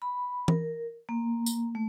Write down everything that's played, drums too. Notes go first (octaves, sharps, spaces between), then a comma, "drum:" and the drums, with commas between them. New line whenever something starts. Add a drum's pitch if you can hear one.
B5
A#4, drum: tom E3
A#3
drum: tambourine
A3